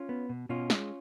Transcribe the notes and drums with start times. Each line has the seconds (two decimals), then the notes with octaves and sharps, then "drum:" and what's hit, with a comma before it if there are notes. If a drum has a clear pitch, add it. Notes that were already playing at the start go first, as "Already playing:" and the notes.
Already playing: C#4 F4
0.09 B3
0.29 B2
0.49 B2 C#4 F4
0.70 G#3, drum: snare